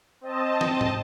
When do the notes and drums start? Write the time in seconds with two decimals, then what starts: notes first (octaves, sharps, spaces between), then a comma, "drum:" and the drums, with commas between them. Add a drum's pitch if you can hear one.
0.21 C4 D#5 A5
0.61 drum: snare
0.81 drum: tom